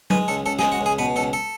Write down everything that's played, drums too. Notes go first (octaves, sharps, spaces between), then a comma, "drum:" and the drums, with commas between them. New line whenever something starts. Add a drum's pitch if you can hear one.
G#3 B4, drum: tom F#3
C#2 A4
C#2 A4
G#4, drum: snare
G#3
F#4
C#2
G#4
B2 B4
C#2 A4
A4